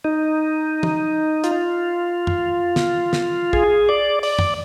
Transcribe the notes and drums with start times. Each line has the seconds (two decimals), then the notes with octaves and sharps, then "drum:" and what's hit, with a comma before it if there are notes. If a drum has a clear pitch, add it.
0.05 D#4
0.83 drum: tom
1.44 F4, drum: hi-hat
2.27 drum: tom
2.76 drum: snare
3.13 drum: snare
3.53 G#4, drum: kick
3.89 D5
4.23 D5, drum: open hi-hat
4.39 drum: tom